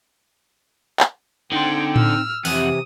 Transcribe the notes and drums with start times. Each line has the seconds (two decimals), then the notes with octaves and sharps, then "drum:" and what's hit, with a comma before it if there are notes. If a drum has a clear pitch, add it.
1.00 drum: clap
1.52 D3 C4 D#4 G5 C6
1.96 E6 F6, drum: tom A2
2.45 F2 C3 E3 F#5 D#6, drum: open hi-hat